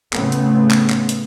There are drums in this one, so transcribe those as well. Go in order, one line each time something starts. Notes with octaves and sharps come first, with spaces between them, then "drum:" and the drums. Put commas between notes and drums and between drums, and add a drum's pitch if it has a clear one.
A2 C#3 A3 B3 C4, drum: clap
drum: hi-hat
drum: clap
drum: clap
drum: hi-hat